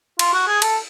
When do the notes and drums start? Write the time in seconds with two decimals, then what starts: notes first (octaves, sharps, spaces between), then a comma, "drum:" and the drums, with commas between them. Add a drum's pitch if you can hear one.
0.19 F4, drum: cymbal
0.33 F#4
0.47 G#4
0.62 A4, drum: cymbal